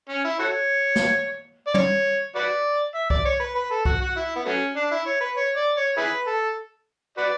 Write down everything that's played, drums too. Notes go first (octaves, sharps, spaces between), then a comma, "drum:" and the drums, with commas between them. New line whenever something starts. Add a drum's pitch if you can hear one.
C#4
E4
F#4 A4 C#5
drum: snare
D5
C#5, drum: tom
F#4 B4 D5
E5
D5, drum: kick C2
C#5
B4
B4
A4
F#4, drum: kick C2
F#4
E4
B3
F#3 A3 C#4
D4
E4
C#5
B4
C#5
D5
C#5
E4 G#4 B4
A4
F#4 B4 D5